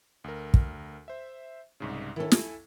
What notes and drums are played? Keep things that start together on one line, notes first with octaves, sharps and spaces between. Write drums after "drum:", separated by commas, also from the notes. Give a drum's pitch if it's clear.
D2 A#4
drum: kick
C5 E5
C2 G#2 C#3
D#3 C#4 E4 A4
G#5, drum: snare